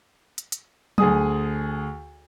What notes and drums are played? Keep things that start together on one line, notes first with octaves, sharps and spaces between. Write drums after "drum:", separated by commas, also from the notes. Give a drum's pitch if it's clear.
drum: hi-hat
drum: hi-hat
D2 G#4 D#6, drum: tom F#3